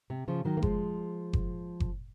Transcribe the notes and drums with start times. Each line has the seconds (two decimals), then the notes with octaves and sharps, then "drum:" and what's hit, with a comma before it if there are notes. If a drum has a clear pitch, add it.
0.10 C3
0.28 C#3 F3
0.45 D#3 F#3
0.57 A#3
0.62 F3 G#3, drum: kick F#1
1.33 drum: kick F#1
1.80 drum: kick F#1